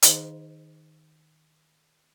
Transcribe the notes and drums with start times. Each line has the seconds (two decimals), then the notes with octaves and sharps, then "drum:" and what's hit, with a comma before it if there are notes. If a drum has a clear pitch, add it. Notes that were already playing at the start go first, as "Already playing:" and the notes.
0.02 D#3 D#4 G#4 C5 D#5 F5, drum: hi-hat